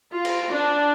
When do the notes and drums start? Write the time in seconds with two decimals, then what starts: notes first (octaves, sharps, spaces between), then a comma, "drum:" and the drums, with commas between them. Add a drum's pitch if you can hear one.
0.12 F4
0.25 drum: cymbal
0.49 D4